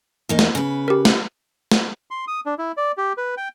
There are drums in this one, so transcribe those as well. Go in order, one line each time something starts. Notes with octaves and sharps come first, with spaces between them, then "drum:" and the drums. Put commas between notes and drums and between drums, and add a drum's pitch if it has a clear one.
E2 A#3 D#4
drum: snare
C#3 B4
G4 A#4
drum: snare
drum: snare
C6
D#6
D4
E4
D5
G4
B4
G5